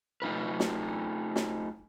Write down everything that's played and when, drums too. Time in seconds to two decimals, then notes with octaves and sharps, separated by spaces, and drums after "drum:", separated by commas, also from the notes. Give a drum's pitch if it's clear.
0.22 A3 D#4 F4 B4
0.60 drum: snare
1.36 drum: snare